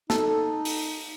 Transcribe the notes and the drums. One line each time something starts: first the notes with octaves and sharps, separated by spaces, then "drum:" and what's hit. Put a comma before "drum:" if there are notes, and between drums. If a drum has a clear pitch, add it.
D#4 A4, drum: snare
drum: open hi-hat